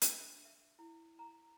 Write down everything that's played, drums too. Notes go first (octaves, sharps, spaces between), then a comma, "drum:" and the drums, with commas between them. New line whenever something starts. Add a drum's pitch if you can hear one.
D4, drum: hi-hat
E5
E5
E4
A#5